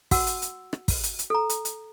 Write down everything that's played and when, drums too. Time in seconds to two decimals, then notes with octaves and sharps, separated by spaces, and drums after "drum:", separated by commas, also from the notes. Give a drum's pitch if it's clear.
0.11 F#4 F#5 E6, drum: kick, open hi-hat
0.27 drum: hi-hat
0.42 drum: hi-hat
0.73 drum: rim click
0.88 drum: kick, open hi-hat
1.03 drum: hi-hat
1.19 drum: hi-hat
1.30 A4 A#5
1.49 drum: hi-hat
1.65 drum: hi-hat